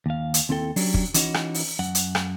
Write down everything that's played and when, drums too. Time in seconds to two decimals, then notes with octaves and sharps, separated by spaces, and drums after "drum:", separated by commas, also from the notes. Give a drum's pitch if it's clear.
0.06 D#2 F5
0.34 drum: hi-hat
0.49 D#2 C4 E4 A4 G5
0.76 F#3 C#4 D4 G4, drum: open hi-hat
0.94 drum: kick
1.14 E3 C#4 D#4 F#4, drum: hi-hat
1.34 drum: rim click
1.54 drum: open hi-hat
1.79 F#2 F#5
1.95 drum: hi-hat
2.15 drum: rim click